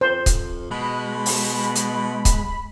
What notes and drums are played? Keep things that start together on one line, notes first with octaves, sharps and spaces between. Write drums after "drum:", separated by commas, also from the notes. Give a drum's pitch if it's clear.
F2 C5
drum: kick C#1, hi-hat
B2 G#3 B5
drum: open hi-hat
drum: hi-hat
drum: kick C#1, hi-hat